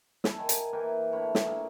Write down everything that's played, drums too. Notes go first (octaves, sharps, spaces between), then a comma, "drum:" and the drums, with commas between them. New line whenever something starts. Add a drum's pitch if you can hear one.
E5 G#5 A5 B5, drum: snare
D#3
drum: hi-hat
E3 A#3 B4 G5
A2 D3 C#5 B5
drum: snare
A#2 A#3 G#4 E5